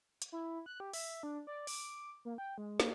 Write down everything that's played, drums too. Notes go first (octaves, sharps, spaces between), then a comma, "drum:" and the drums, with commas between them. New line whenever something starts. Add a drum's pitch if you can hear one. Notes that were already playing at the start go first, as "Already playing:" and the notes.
drum: hi-hat
E4
F#6
G4
E5, drum: open hi-hat
D4
D5
D6, drum: open hi-hat
A#3
G5
G#3
A#3, drum: snare